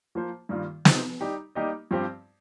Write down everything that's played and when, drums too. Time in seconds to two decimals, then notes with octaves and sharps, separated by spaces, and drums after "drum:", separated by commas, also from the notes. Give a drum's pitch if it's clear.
0.15 F3 A#3 F4 C5
0.49 G2 D#3 G3 A#3 F4
0.85 C3 F3 C4 D#4, drum: snare
1.20 G3 D#4 G4
1.55 G3 A#3 D#4 G4 D#5
1.91 G2 F3 C4 G4 C5